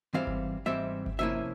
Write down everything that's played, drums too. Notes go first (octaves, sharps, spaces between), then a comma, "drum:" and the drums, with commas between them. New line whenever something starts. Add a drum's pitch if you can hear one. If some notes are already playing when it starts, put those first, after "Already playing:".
G#2 E3 G3 C4 F5
drum: kick G1
G#2 E3 G3 C4 E5
drum: kick G1
C3 F3 A#3 C#4 E4 E5